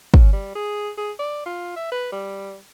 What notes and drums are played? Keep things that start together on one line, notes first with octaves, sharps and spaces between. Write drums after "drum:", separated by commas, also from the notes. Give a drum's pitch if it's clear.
C#4, drum: kick
G3
G#4
G#4
D5
F4
E5
B4
G3